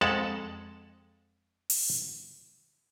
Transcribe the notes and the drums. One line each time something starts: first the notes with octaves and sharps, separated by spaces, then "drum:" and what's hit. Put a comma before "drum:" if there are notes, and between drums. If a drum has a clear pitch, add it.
F2 G#3 A4 F#5 A5
drum: open hi-hat